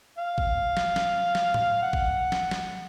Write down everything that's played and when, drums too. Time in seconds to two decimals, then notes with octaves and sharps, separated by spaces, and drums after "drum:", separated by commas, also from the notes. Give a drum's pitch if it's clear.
0.18 F5
0.38 drum: kick G#1
0.77 drum: snare
0.96 drum: snare
1.35 drum: snare
1.54 drum: tom A2
1.83 F#5
1.93 drum: kick G#1
2.32 drum: snare
2.51 drum: snare